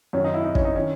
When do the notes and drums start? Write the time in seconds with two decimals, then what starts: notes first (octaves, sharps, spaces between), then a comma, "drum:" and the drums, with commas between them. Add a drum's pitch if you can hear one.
0.13 F#2 D#3 C#4
0.24 D#4
0.34 E4
0.44 D#4
0.55 C#4, drum: kick
0.65 D#4
0.75 D#3 C#4